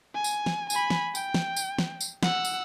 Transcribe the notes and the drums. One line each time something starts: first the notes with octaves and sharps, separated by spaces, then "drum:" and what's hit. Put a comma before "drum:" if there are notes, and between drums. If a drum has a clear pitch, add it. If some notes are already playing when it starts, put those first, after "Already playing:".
G#5
drum: tambourine
drum: snare
G#5 B5, drum: tambourine
drum: snare
G5, drum: tambourine
drum: snare
drum: tambourine
drum: snare
drum: tambourine
F#5 E6, drum: snare
drum: tambourine